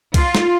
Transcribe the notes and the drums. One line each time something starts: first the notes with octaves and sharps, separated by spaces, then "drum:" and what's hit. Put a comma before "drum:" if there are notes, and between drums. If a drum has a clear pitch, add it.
F4, drum: kick C2, cymbal
drum: snare